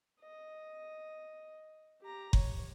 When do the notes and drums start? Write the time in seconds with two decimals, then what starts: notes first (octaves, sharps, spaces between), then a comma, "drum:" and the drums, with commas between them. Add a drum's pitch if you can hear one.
0.20 D#5
2.01 G4 A#5
2.33 C#5, drum: kick F#1